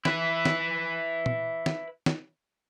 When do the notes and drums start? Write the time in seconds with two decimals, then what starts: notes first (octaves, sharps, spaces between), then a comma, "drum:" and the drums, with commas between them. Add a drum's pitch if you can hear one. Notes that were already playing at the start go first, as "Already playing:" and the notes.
0.05 E4 B4, drum: snare
0.45 drum: snare
1.26 drum: tom
1.66 drum: snare
2.06 drum: snare